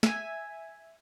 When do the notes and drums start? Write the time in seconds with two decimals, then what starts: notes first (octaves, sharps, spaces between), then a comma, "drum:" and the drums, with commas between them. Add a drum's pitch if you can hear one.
0.03 E5 G#5, drum: snare